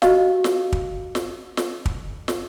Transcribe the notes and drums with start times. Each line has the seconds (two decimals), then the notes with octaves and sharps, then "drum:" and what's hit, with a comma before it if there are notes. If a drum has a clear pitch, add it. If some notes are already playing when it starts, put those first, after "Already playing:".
0.02 F#4 G4 D#5 F5, drum: snare
0.44 drum: snare
0.73 drum: kick
1.15 drum: snare
1.57 drum: snare
1.86 drum: kick
2.28 drum: snare